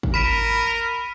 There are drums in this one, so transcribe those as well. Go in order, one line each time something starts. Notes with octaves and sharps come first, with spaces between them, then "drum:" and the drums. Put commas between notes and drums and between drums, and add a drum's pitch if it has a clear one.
drum: kick
A#4 B5 B6 D#7